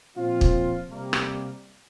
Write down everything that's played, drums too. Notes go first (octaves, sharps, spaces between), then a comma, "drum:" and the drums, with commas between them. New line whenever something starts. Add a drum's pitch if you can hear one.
A#2 F3 C4 F4
drum: kick
C3 G3 A#3
drum: rim click